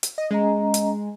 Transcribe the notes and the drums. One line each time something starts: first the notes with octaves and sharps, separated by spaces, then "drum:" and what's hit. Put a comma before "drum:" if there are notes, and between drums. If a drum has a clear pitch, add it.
drum: hi-hat
D#5
G#3 C#4 D#5 A#5
drum: hi-hat